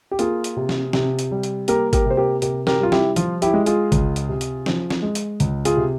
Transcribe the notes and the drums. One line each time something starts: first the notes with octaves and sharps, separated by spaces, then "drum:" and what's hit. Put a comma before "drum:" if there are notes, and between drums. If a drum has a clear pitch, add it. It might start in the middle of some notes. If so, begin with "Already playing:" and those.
G4
A#3 F4 G#4, drum: hi-hat
drum: hi-hat
C3
drum: snare
C3, drum: snare
drum: hi-hat
G3
drum: hi-hat
A#3 G4 A#4, drum: hi-hat
G4 A#4, drum: kick G#1, hi-hat
C3 C5
G4 A#4
C3 G4 A#4, drum: hi-hat
G4 A#4, drum: snare
G3 F4
E4 G4, drum: snare
F3 F4, drum: hi-hat
E4 G4, drum: hi-hat
G#3
F4 G#4, drum: hi-hat
C#2, drum: kick G#1, hi-hat
drum: hi-hat
C3
drum: hi-hat
F3, drum: snare
drum: snare
G#3
drum: hi-hat
C#2, drum: hi-hat
F4 G#4, drum: hi-hat
C3